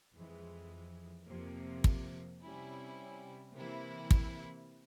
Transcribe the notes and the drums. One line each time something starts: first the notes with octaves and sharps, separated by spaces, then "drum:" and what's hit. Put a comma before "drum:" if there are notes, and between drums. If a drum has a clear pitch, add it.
F2 E3 G#3
F2 C3 F3 A#3
drum: kick
C3 G3 C#4 E4
C3 E3 A#3 E4
drum: kick